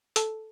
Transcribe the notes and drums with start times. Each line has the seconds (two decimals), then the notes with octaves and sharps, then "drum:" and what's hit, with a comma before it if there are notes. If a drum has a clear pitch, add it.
0.16 A4 A5, drum: hi-hat